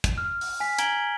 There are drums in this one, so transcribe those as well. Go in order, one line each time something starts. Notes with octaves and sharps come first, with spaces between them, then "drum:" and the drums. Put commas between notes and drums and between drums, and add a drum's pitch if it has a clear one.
drum: kick, hi-hat
F6
drum: open hi-hat
G#5 B6
G#5 A#5 G#6 D7 F#7 G7, drum: hi-hat